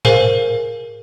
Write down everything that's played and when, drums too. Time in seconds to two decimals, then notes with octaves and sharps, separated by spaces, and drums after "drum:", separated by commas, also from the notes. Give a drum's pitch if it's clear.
0.05 G#4 A#4 C5 F5 G#5, drum: tom G#2